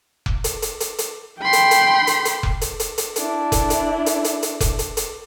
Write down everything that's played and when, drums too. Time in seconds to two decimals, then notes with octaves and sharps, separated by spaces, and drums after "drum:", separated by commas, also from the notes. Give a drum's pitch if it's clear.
0.26 drum: kick F1
0.44 drum: hi-hat
0.62 drum: hi-hat
0.80 drum: hi-hat
0.98 drum: hi-hat
1.41 G5 B5 C6
1.53 drum: hi-hat
1.71 drum: hi-hat
2.07 drum: hi-hat
2.25 drum: hi-hat
2.43 drum: kick F1
2.61 drum: hi-hat
2.80 drum: hi-hat
2.98 drum: hi-hat
3.16 D4 E4, drum: hi-hat
3.52 drum: kick F1, hi-hat
3.70 drum: hi-hat
4.06 drum: hi-hat
4.24 drum: hi-hat
4.43 drum: hi-hat
4.61 drum: kick F1, hi-hat
4.79 drum: hi-hat
4.97 drum: hi-hat